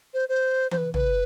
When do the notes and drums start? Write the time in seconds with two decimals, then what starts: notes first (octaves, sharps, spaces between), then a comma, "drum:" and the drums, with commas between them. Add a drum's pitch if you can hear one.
0.14 C5
0.29 C5
0.71 C5, drum: tom
0.77 B4
0.94 B4, drum: tom